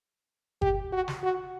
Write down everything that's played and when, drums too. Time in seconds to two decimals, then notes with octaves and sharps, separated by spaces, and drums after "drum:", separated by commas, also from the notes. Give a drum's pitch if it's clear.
0.62 G4, drum: kick G1
0.93 F#4
1.08 drum: snare
1.23 F#4